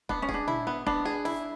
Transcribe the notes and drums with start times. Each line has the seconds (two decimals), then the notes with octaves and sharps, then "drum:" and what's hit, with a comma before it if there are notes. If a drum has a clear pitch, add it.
0.09 B3 D4, drum: kick
0.22 C#4
0.29 G#4, drum: kick
0.34 D4
0.48 E4, drum: tom A#2
0.67 B3
0.86 B3 D4, drum: kick
1.05 G#4
1.25 E4, drum: snare